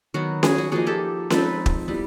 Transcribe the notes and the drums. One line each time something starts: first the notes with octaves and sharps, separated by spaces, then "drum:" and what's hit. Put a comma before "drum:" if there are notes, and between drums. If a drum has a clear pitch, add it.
D#3 F#3 B3 F#4
F#4 G#4, drum: snare C#4
F#4
F3 A#3 D#4 F#4 G#4
G4 A4
F3 G#3 C4 D#4 A4 B4, drum: snare C#4
drum: kick
G3 B3 E4